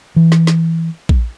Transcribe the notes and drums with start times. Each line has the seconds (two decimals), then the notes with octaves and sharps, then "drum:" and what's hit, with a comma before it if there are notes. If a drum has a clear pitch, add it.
0.16 E3
0.32 drum: snare
0.47 drum: snare
1.09 drum: kick A#1